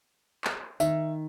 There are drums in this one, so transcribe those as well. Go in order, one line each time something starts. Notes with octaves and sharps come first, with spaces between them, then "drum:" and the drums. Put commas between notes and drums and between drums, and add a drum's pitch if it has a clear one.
drum: clap
D#3 E5, drum: tambourine